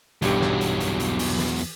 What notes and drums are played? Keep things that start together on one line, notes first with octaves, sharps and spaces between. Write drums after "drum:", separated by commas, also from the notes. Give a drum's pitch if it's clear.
B1 E2 G2 F#3 G4, drum: hi-hat
drum: snare
drum: hi-hat
drum: hi-hat
drum: hi-hat
drum: open hi-hat
drum: snare
drum: hi-hat